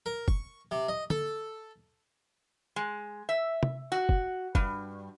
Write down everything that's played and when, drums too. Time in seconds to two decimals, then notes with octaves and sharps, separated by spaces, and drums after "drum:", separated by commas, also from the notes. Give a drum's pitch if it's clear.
0.06 A#4
0.28 C#6, drum: kick
0.71 C3
0.89 D#5
1.10 A4, drum: tom
2.76 G#3
3.29 E5
3.63 drum: tom
3.92 F#4
4.09 drum: kick
4.55 G2, drum: kick